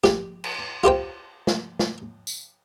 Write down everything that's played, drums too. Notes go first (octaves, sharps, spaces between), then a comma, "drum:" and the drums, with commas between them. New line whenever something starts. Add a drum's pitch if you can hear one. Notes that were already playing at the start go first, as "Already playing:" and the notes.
G4, drum: snare
drum: cymbal
F4 G4 C5 G5
drum: snare
drum: snare
drum: tambourine